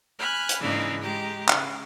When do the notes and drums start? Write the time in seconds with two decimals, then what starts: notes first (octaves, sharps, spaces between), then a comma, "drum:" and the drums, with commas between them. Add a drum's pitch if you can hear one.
0.19 G#5 B5 F6 F#6
0.49 drum: hi-hat
0.60 G#2 C#3 E3 A#3 D4 D#4
1.03 G#3 G4 A#5
1.49 C#3, drum: clap